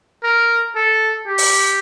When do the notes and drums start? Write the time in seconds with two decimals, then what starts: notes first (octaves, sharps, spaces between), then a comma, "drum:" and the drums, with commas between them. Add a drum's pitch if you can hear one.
0.24 A#4
0.76 A4
1.27 G4
1.38 drum: open hi-hat